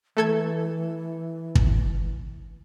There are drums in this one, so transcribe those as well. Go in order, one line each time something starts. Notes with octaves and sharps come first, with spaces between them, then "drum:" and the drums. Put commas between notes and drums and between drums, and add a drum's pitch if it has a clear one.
E3 A3 A4 G#6
drum: kick